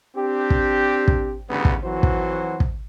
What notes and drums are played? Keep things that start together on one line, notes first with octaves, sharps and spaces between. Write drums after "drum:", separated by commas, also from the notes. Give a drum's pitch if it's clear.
C4 D4 G4
drum: kick
drum: kick
D2 G2 C#3 E3 B3
drum: kick
F2 E3 F#3 F#4 C5
drum: kick
drum: kick